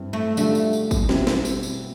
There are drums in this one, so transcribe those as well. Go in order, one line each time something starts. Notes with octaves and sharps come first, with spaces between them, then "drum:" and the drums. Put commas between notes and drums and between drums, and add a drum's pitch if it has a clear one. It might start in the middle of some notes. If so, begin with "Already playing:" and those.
Already playing: G2 C4 E4
A3
D3 G3 A3 D4 F4, drum: tambourine
drum: tambourine
drum: tambourine
drum: kick, tambourine
B2 G3 C4 E4, drum: snare
drum: snare
drum: tambourine
drum: tambourine